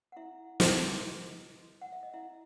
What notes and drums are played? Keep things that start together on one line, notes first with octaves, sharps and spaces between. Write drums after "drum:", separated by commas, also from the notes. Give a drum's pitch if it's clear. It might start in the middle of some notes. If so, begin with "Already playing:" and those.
F#5
E4 E5
D#5, drum: snare
E4 E5
F#5
E5
D#5
E4 E5